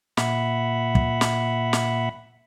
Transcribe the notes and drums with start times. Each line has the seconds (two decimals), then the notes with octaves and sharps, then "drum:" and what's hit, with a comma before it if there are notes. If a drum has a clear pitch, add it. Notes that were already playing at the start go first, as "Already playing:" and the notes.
0.17 A#2 E5 F#5 B5, drum: snare
0.95 drum: kick
1.21 drum: snare
1.73 drum: snare